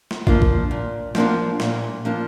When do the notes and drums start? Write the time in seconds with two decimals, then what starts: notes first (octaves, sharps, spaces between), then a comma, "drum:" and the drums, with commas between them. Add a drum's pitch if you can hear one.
0.11 drum: snare
0.27 F3 A#3 D4 F4, drum: kick
0.42 drum: kick
0.71 A#2
1.15 F3 A#3 D4 F4, drum: snare
1.60 A#2, drum: snare
2.05 F3 A#3 D4 F4